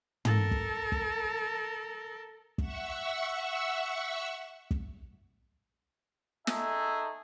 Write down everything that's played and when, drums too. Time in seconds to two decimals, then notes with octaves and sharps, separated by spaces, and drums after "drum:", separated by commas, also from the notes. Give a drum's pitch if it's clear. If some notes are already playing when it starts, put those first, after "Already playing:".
0.25 A4 A#4, drum: tom
0.51 drum: kick
0.92 drum: kick
2.58 E5 F#5 C#6 E6, drum: kick
4.71 drum: kick
6.47 A3 D#4 G#4 A4 E5, drum: snare